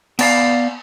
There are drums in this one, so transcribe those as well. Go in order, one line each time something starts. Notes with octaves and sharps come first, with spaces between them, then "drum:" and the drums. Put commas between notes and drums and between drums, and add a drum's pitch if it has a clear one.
B3 D5 F5, drum: cymbal